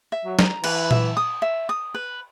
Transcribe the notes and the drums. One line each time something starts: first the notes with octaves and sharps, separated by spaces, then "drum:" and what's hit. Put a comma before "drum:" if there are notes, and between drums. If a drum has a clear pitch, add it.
E5
F#3
A#5, drum: snare
E3 B4, drum: cymbal
E5, drum: tom A#2
D#6
E5
D#6
B4